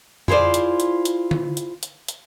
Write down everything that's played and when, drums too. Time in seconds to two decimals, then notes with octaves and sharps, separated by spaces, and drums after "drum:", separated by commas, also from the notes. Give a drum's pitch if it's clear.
0.28 E4 F4 G#4 C5 D5, drum: tom
0.54 drum: hi-hat
0.80 drum: hi-hat
1.05 drum: hi-hat
1.31 drum: tom D3
1.57 drum: hi-hat
1.83 drum: hi-hat
2.08 drum: hi-hat